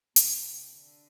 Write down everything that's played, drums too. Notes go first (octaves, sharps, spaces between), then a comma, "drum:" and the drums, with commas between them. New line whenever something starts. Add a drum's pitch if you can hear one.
C3, drum: hi-hat
D3